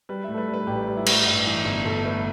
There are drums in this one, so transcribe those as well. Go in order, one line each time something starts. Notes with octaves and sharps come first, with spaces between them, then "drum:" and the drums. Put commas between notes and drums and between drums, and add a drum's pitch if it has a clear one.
G3 B4
A2 E5
A4
B4
G3
B4
A1 G4
G3
E4
A2, drum: cymbal
G2
E3
G1
G1 A4
A3 B4